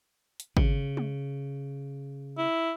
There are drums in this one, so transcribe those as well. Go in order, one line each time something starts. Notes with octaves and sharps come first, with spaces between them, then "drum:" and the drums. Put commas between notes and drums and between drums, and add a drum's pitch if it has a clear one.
drum: hi-hat
C#3, drum: kick G#1
drum: tom G#3
E4